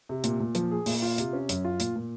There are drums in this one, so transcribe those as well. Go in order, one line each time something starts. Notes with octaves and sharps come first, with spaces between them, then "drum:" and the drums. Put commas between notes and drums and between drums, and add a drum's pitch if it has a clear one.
C3
A#2, drum: hi-hat
A#2
F3, drum: hi-hat
G#4
A#2, drum: open hi-hat
F4
C3, drum: hi-hat
C#4
F#2, drum: hi-hat
F4
A#2, drum: hi-hat
A#2